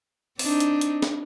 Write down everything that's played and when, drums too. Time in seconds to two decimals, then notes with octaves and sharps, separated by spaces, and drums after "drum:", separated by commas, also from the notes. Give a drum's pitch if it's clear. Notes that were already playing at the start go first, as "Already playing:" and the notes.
0.39 C4 D4 D#4, drum: open hi-hat
0.60 drum: hi-hat
0.81 drum: hi-hat
1.02 drum: snare